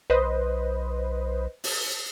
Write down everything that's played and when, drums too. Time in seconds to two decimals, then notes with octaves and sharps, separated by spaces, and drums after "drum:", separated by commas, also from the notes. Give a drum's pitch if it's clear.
0.10 B1 B4 C5 D#5
1.64 drum: open hi-hat